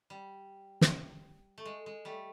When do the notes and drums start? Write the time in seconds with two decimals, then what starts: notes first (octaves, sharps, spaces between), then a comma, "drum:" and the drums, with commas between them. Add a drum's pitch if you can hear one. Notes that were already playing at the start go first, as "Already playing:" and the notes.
0.10 G3
0.81 drum: snare
1.58 A3
1.65 G#3
1.86 G#3
2.05 G3 A3